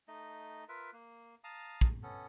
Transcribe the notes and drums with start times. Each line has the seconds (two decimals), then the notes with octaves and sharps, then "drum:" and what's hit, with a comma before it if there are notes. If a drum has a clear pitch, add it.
0.08 A3 D#4 D#5
0.69 F4 A#4 B4 E5
0.93 A#3
1.44 F5 A5 A#5 D#6
1.81 drum: kick
2.03 B3 C#4 A4